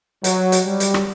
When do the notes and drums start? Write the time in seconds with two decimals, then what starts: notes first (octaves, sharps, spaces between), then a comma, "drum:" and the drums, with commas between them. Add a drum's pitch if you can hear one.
0.24 F#3, drum: hi-hat
0.52 drum: hi-hat
0.67 G3
0.80 drum: hi-hat
0.94 drum: rim click